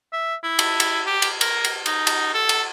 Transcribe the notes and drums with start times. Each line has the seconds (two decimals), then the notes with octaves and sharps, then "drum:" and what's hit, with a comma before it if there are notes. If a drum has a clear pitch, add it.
0.12 E5
0.43 E4
0.59 drum: cymbal
0.80 drum: cymbal
1.06 G4
1.22 drum: cymbal
1.41 A#4, drum: cymbal
1.65 drum: cymbal
1.86 D#4, drum: cymbal
2.07 drum: cymbal
2.34 A4
2.49 drum: cymbal